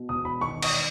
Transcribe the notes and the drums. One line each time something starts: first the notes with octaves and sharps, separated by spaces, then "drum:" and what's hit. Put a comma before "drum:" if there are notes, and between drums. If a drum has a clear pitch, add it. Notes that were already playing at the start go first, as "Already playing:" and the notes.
Already playing: B2
E1 D#6
B5
D#3 C#6
D#6, drum: cymbal